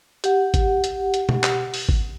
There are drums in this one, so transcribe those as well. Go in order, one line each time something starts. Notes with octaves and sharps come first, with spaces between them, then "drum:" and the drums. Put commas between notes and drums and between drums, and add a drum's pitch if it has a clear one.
G4 F#5, drum: hi-hat
drum: kick G#1, hi-hat
drum: hi-hat
drum: hi-hat
drum: tom
drum: clap
drum: open hi-hat
drum: kick G#1